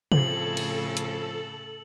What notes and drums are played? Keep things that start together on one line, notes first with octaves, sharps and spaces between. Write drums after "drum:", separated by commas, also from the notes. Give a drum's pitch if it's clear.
A2 C#3 F3 A3 C4 A4 F#7, drum: tom C3
drum: cymbal
drum: hi-hat